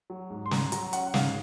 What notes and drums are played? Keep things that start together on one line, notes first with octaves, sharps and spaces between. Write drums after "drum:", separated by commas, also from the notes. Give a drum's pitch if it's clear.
F#3
G#2
C6
F#3 A#5, drum: snare
F#3 A#5, drum: hi-hat
C#4 F#5, drum: hi-hat
F#5
G#2 F5, drum: snare